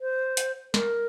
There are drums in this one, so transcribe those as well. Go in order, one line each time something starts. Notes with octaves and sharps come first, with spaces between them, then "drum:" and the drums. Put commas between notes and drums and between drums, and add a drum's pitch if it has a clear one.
C5
drum: hi-hat
A#4, drum: snare